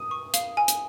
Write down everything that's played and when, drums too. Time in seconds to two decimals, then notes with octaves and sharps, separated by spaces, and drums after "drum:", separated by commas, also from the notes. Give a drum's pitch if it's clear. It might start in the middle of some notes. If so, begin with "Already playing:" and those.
Already playing: D#6
0.11 C#6
0.34 F5, drum: hi-hat
0.57 G#5
0.68 drum: hi-hat